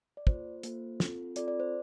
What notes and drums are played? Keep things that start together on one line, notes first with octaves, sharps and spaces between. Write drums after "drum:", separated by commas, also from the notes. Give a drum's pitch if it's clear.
D5
A#3 F4 A4 C5, drum: kick
A#3 F4 A4, drum: hi-hat
C4 F4 A4, drum: snare
C4 F4 A4 D5, drum: hi-hat
D5
C5